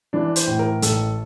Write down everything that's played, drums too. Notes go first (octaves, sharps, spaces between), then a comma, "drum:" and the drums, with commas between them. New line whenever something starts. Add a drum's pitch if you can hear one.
E3 D4
C5, drum: hi-hat
A2
A#4
A1 A4, drum: hi-hat